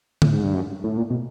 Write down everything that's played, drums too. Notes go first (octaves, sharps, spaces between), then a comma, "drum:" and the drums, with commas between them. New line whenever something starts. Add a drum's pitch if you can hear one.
A2, drum: tom
G#2
G2
F#2
A2
A#2
B2